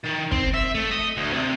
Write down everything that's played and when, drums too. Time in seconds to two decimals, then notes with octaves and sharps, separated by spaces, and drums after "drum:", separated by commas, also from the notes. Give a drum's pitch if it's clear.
0.05 D#3
0.32 C4, drum: kick
0.54 E5
0.75 A3
0.91 D#5
1.17 D2
1.33 C3